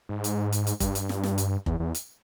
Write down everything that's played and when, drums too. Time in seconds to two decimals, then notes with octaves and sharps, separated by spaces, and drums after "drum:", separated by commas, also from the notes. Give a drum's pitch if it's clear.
0.09 G#2
0.24 drum: hi-hat
0.52 drum: hi-hat
0.67 drum: hi-hat
0.80 G2, drum: kick F1, hi-hat
0.95 drum: hi-hat
1.09 drum: snare
1.23 drum: snare
1.38 drum: hi-hat
1.66 E2, drum: kick F1
1.80 E2
1.95 drum: hi-hat